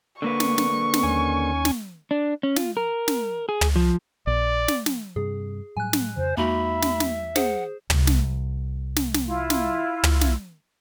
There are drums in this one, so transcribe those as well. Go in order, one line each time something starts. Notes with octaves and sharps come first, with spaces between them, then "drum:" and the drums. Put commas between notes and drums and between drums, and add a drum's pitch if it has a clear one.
D3 A#3 B4 C#6
drum: snare
drum: snare
drum: snare
D#2 C#4 G#5
drum: snare
D4
C#4
F4, drum: snare
A#4
drum: snare
G#4
drum: tom
F3
A#1 D5
drum: snare
drum: snare
G2 C3 G3 G#4
A2 F#3 G3 G#5 F#6
drum: snare
F2 C#3 C5
E2 G#3 A#3 D#4 F#4 E5 B5
drum: snare
drum: snare
G#4 C5 F#5, drum: snare
C2, drum: tom
drum: snare
drum: snare
drum: snare
E4 F4
drum: snare
drum: tom
drum: snare